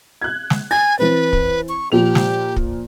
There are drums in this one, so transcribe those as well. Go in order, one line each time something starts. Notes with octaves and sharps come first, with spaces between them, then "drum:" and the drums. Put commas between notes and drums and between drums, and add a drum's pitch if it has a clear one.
F#6 G#6
drum: snare
G#5 A6
E3 C4 B4
drum: kick
C#6
A#2 F3 G4 F7
drum: snare
drum: kick